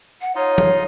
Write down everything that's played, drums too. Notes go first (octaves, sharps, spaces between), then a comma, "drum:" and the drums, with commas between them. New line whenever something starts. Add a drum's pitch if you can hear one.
F#5
D#4 F4 C#5 D#5
drum: tom F3